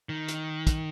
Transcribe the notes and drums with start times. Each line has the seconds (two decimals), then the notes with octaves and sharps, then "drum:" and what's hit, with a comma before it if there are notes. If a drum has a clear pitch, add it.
0.09 D#3
0.28 drum: hi-hat
0.67 drum: kick, hi-hat